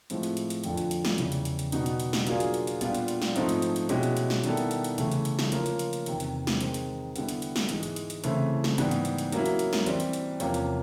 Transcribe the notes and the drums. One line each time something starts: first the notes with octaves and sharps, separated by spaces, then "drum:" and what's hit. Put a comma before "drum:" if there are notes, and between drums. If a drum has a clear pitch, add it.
A2 F3 G#3 C4 E4, drum: hi-hat
drum: hi-hat
drum: hi-hat
drum: hi-hat
F2 D3 F3, drum: hi-hat
drum: hi-hat
drum: hi-hat
drum: snare
E2 C#3 E3 G3, drum: hi-hat
drum: hi-hat
drum: hi-hat
drum: hi-hat
B2 G3 B3 D#4, drum: hi-hat
drum: hi-hat
drum: hi-hat
drum: snare
F#3 A#3 D4 F4 G#4, drum: hi-hat
drum: hi-hat
drum: hi-hat
drum: hi-hat
A#2 G3 B3 D4 F4, drum: hi-hat
drum: hi-hat
drum: hi-hat
drum: snare
G#2 F3 A3 C4 D#4, drum: hi-hat
drum: hi-hat
drum: hi-hat
drum: hi-hat
B2 G#3 C#4 E4 G4, drum: hi-hat
drum: hi-hat
drum: hi-hat
drum: snare
D#3 G3 B3 E4 A4, drum: hi-hat
drum: hi-hat
drum: hi-hat
drum: hi-hat
C#3 E3 A3, drum: hi-hat
drum: hi-hat
drum: hi-hat
drum: snare
F3 A#3 C#4 F4 A#4, drum: hi-hat
drum: hi-hat
drum: hi-hat
drum: hi-hat
E2 C3 D#3, drum: hi-hat
drum: hi-hat
drum: snare
D#3 G#3 C4, drum: hi-hat
drum: hi-hat
D3 G3 B3 E4, drum: hi-hat
drum: hi-hat
drum: hi-hat
drum: snare
G#2 E3 G#3, drum: hi-hat
drum: hi-hat
drum: hi-hat
drum: hi-hat
C#3 E3 A3 C4 E4, drum: hi-hat
drum: snare
G#2 E3 G3 B3, drum: hi-hat
drum: hi-hat
drum: hi-hat
drum: hi-hat
F#3 A#3 C#4 E4, drum: hi-hat
drum: hi-hat
drum: hi-hat
drum: snare
E3 G3 C4, drum: hi-hat
drum: hi-hat
drum: hi-hat
E2 C3 F3 A#3 C#4, drum: hi-hat
drum: hi-hat